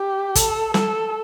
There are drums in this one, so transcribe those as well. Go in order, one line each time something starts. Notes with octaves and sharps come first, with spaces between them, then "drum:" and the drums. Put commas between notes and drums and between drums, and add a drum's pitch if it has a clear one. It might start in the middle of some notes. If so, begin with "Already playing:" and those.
Already playing: G4
A4, drum: kick, hi-hat
A4, drum: snare